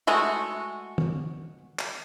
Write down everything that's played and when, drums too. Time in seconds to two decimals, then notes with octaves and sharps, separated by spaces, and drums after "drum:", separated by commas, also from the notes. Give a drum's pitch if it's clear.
0.07 G#3 A3 F#4
0.98 drum: tom
1.79 drum: clap